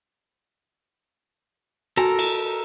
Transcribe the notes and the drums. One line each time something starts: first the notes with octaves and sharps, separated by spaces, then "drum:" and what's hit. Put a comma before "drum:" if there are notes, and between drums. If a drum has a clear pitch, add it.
F#4 A4 A#4 G#5 A#5
drum: cymbal